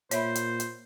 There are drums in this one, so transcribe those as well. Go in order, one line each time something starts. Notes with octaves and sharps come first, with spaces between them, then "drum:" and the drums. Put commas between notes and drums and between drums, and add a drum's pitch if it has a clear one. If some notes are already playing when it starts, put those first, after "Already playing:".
A#2 C5 C#5 E5 B5, drum: hi-hat
drum: hi-hat
drum: hi-hat